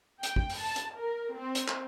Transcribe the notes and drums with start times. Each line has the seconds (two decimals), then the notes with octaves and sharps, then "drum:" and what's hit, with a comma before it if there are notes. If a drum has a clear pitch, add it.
0.23 G5, drum: hi-hat
0.36 drum: kick G#1
0.50 drum: open hi-hat
0.60 A5
0.76 drum: hi-hat
0.97 A#4
1.37 C4
1.55 drum: hi-hat
1.68 drum: clap